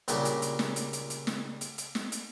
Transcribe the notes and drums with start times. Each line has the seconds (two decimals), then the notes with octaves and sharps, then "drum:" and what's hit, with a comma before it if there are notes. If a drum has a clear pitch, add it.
0.08 C#2 A#2 G3 D4 C#5, drum: hi-hat
0.25 drum: hi-hat
0.42 drum: hi-hat
0.59 drum: snare
0.76 drum: hi-hat
0.93 drum: hi-hat
1.10 drum: hi-hat
1.27 drum: snare
1.61 drum: hi-hat
1.78 drum: hi-hat
1.95 drum: snare
2.12 drum: hi-hat